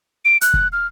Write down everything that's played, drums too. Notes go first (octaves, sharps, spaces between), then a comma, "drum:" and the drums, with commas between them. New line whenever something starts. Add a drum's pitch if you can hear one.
D7
F#6, drum: hi-hat
drum: kick
F6